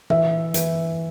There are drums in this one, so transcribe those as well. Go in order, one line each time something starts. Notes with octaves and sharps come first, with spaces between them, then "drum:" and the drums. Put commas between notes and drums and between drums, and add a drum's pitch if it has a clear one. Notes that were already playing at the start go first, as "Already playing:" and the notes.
E3 E5, drum: tom A#2
E3, drum: hi-hat